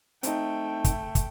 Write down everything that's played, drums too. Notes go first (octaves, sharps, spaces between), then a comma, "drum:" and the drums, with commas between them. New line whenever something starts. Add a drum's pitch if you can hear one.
A3 C4 D#4 G5, drum: hi-hat
drum: kick, hi-hat
drum: kick, hi-hat